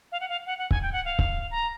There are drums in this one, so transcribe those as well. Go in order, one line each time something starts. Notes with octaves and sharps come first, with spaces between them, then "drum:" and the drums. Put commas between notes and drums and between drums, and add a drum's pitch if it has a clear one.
F5
F#5
F5
F#5
F#5
G#5, drum: kick C#1
G5
F#5
F5
drum: kick C#1
A#5